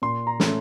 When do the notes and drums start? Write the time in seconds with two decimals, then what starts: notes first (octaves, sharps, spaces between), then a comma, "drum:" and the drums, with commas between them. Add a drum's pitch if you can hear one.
0.02 A#2 C6
0.27 A#5
0.40 A3 C#4, drum: snare